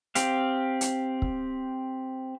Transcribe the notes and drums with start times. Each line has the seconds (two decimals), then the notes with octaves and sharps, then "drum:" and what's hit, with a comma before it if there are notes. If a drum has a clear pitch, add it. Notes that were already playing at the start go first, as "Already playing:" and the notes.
0.15 C4 G4 F5, drum: hi-hat
0.81 drum: hi-hat
1.22 drum: kick